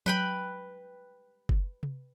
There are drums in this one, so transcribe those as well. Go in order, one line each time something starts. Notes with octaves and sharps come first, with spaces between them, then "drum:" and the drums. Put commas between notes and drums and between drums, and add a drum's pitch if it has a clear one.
F#3 B4 G5 B5
drum: kick
drum: tom C3